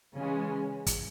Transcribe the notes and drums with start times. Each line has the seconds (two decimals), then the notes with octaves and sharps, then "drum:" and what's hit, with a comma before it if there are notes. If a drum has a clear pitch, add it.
0.15 C#3 E3 G#3 C#4
0.87 drum: kick, hi-hat